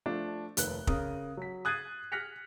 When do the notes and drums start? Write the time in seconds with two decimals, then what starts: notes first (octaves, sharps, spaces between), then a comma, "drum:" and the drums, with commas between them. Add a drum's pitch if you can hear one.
0.06 F3 A3 D4
0.57 F1 D#2 B4 F#6 G7, drum: hi-hat
0.87 C#3 A#4 D#6, drum: kick
1.37 F#3 B6
1.65 D#6 F#6 G#6 A6 C7 D#7
2.12 F6 F#6 A#6 B6 C#7 F7